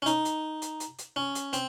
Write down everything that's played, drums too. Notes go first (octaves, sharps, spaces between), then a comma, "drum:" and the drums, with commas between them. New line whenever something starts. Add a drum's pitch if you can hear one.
C#4
D#4, drum: hi-hat
drum: hi-hat
drum: hi-hat
drum: hi-hat
drum: hi-hat
C#4
drum: hi-hat
C4, drum: hi-hat